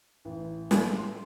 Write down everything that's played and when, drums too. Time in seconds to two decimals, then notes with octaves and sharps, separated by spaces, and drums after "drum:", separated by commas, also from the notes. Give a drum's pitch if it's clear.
0.25 A1
0.71 drum: snare
0.96 C6